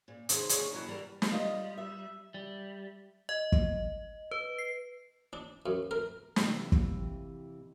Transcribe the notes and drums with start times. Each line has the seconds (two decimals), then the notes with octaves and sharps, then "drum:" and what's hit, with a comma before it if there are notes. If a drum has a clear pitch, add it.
0.08 A#2
0.29 C3 D#3 G#4 B4 C5, drum: hi-hat
0.49 D#2 G3 G#4 C#5, drum: hi-hat
0.72 B2 F#3 A#3 B3 E4 G4
0.87 E3 G3 A#4
1.22 drum: snare
1.32 G3 F4 D#5
1.78 E5
2.34 G3
3.29 D#5
3.52 drum: kick
4.31 B4
4.58 C7
5.33 D4
5.66 F#2
5.91 A#4
6.36 F2 C3 E3, drum: snare
6.72 drum: kick